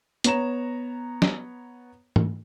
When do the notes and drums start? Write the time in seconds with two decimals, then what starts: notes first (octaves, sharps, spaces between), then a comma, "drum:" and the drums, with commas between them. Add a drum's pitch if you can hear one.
0.24 B3 C#5 A#5 E7, drum: hi-hat
1.22 drum: snare
2.16 drum: tom G#2